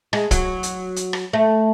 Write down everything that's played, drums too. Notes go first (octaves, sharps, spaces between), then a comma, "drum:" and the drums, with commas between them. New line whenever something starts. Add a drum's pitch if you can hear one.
G#3, drum: rim click
F#3, drum: kick, hi-hat
drum: hi-hat
drum: hi-hat
drum: rim click
A3